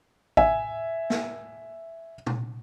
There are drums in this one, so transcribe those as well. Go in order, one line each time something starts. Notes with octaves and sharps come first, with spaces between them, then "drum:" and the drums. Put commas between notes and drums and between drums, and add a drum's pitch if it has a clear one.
E5 G#5, drum: kick A1
drum: snare
drum: tom A#2